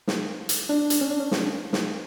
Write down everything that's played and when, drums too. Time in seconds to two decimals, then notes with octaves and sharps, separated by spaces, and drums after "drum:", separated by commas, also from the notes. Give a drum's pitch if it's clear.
0.07 drum: snare
0.49 drum: hi-hat
0.69 D4
0.90 drum: hi-hat
1.01 C#4
1.10 D4
1.20 C#4
1.31 drum: snare
1.73 drum: snare